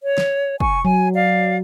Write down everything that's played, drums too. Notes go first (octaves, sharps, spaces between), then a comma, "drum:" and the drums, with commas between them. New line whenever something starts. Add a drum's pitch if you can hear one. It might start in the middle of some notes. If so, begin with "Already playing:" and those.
C#5
drum: snare
G#5 C#6, drum: kick
F#3 G#5
D5 F5